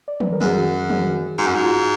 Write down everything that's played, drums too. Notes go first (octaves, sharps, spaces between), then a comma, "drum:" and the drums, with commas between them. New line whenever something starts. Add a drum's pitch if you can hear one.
D5
B4, drum: tom
A#4
F#2 G#4, drum: tom
F#4
G#4, drum: tom
G#2 F#4
F#2
G#2
F4